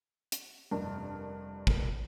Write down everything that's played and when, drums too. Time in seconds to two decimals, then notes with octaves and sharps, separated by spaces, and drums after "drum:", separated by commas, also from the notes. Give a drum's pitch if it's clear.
0.32 drum: hi-hat
0.71 F1 G2 D4 A#4 A5
1.67 drum: kick